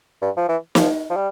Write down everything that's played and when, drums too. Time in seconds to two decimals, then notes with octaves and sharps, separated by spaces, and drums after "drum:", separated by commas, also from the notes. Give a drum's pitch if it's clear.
0.22 G2
0.37 F3
0.48 E3
0.75 F3, drum: snare
1.10 F3
1.16 G3